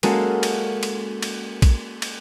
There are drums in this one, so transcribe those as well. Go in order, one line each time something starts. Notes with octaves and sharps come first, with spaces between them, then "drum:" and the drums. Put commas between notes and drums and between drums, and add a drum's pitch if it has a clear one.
G#3 A#3 C#4 F#4 A4, drum: cymbal
drum: cymbal
drum: cymbal
drum: cymbal
drum: kick A#1, cymbal
drum: cymbal